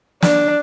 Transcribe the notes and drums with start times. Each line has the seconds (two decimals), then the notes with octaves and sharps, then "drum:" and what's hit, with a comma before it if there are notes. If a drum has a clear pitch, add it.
0.22 D4, drum: snare